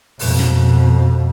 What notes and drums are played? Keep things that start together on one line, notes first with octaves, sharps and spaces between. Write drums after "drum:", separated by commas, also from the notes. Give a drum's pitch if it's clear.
F2 B2, drum: open hi-hat
drum: snare